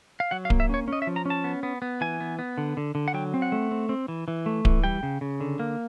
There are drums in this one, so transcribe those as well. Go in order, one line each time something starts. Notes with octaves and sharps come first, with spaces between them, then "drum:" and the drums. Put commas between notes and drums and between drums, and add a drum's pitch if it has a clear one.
F5
F#3 F#5
F5
A#3, drum: kick D1
E5
C#4 C#5
C#4 D#5
E5
F3
A#5
C#4 A5
B3
B3
B3
E3 G#5
B3
B3
D3
D3
D3
F#5
F#3 G5
C4
F#5
A3
C4
C4
E3
E3
A3
E3, drum: kick D1
G3 G5
C#3
C#3
D3
A#3